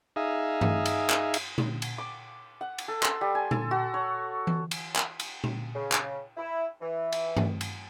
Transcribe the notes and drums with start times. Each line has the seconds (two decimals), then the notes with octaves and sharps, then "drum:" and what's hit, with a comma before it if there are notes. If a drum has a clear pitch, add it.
0.16 D#4 G#4 E5 F5
0.61 drum: tom
0.86 drum: cymbal
1.10 drum: clap
1.34 drum: cymbal
1.58 drum: tom A#2
1.82 drum: cymbal
1.98 D6
2.61 F#5
2.78 drum: cymbal
2.88 A4
3.03 C6, drum: clap
3.21 G3
3.35 G#5
3.51 A4, drum: tom A#2
3.71 F#4
3.94 C#5
4.47 drum: tom E3
4.71 drum: cymbal
4.95 drum: clap
5.20 drum: cymbal
5.44 drum: tom A#2
5.74 C#3
5.92 drum: clap
6.37 E4
6.81 E3
7.12 drum: cymbal
7.37 drum: tom
7.61 drum: cymbal